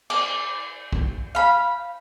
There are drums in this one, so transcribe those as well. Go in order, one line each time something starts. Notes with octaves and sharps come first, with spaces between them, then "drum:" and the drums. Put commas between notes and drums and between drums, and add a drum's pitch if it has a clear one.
D6, drum: cymbal
drum: kick
F5 B5